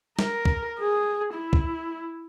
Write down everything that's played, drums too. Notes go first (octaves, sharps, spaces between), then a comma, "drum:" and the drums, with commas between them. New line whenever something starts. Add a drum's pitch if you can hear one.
A#4, drum: snare
drum: kick
G#4
E4
drum: kick